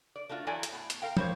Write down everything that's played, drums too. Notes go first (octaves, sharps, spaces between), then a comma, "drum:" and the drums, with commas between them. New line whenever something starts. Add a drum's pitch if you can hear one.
D5
A3 D4 D#4 F4 F#4
E2 F#3 E4 A4 D5 G#5
drum: hi-hat
A2 B3
drum: hi-hat
A#4 F5 G5
G3 C5 C#5, drum: tom